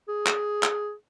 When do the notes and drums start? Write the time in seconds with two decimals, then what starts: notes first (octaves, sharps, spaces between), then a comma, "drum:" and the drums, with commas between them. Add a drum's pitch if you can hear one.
0.09 G#4
0.27 drum: clap
0.63 drum: clap